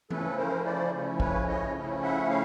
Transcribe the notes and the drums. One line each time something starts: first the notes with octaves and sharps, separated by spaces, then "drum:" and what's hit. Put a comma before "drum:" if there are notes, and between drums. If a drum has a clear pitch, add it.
C#3 F3 A3 C#4 E4 A4 B4, drum: tom E3
A#4 C5
C5 D5
C#3 F3 A3 C#4 E4
B4 C#5, drum: kick
C#5 D#5
C#3 F3 A3 C#4 E4
E5 F#5
F5